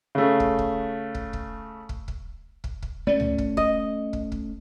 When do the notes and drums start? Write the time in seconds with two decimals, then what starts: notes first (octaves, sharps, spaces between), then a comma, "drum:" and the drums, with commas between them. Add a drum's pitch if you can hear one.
0.15 C#3 A3
0.40 drum: kick
0.59 drum: kick
1.15 drum: kick
1.33 drum: kick
1.89 drum: kick
2.08 drum: kick
2.64 drum: kick
2.82 drum: kick
3.07 A3 C#4 D5
3.20 drum: tom C#2
3.38 drum: kick
3.57 D#5, drum: kick
4.13 drum: kick
4.32 drum: kick